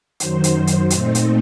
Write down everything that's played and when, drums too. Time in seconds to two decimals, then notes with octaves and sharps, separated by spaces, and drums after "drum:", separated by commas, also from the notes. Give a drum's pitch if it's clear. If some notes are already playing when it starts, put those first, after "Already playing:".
0.20 F#2 D#3 F#3 C5, drum: hi-hat
0.44 drum: hi-hat
0.67 drum: hi-hat
0.90 A#2 A3 C4 D#4 C5, drum: hi-hat
1.15 drum: hi-hat